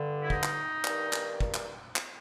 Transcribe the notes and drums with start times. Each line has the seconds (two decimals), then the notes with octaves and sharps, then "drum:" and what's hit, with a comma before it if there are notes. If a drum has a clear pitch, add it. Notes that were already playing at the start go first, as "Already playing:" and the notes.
Already playing: G2 D3
0.22 E4
0.30 D#4, drum: kick
0.43 drum: clap
0.84 G2 D#3, drum: clap
1.13 drum: clap
1.40 drum: kick
1.54 drum: clap
1.96 drum: clap